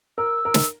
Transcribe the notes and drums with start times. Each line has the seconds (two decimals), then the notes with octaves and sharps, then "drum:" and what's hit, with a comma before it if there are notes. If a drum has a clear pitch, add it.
0.18 A#4 E6
0.45 A#4
0.54 drum: snare